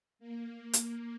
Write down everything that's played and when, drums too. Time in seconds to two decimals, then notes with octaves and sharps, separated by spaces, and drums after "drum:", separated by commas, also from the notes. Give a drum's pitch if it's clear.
0.19 A#3
0.73 drum: hi-hat